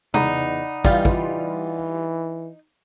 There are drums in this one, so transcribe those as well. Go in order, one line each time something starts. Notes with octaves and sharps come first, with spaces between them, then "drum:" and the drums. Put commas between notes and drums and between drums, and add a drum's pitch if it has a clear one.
E2 D#4 D5 F#5 B5, drum: tom C3
E3 G3 F4, drum: kick
drum: kick